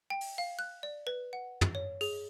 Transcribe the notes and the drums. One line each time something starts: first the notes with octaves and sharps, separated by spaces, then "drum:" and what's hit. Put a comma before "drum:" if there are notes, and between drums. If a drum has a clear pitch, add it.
G5
drum: open hi-hat
F5
F#6
D5
B4
F#5
drum: tom
C#5
G#4, drum: open hi-hat